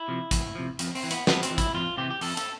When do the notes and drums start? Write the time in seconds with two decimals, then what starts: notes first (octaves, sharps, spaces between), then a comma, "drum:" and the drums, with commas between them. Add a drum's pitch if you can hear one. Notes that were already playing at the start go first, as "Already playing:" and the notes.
Already playing: E4
0.08 C3 F3
0.31 E2, drum: kick, hi-hat
0.55 C3 F3
0.79 F2, drum: hi-hat
0.95 C4, drum: open hi-hat
1.03 E3
1.11 B3, drum: hi-hat
1.27 F2 B3, drum: snare
1.43 C4, drum: hi-hat
1.50 E3
1.58 E4, drum: kick, hi-hat
1.75 F2 F4
1.98 C3 E3 G4
2.10 G4
2.21 F2 A4, drum: open hi-hat
2.37 A4, drum: hi-hat